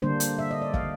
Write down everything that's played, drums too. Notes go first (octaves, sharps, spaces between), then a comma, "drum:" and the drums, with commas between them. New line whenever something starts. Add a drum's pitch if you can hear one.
D3 G3 A#3 D4 C5
drum: hi-hat
E5
D#5
D5
F5, drum: kick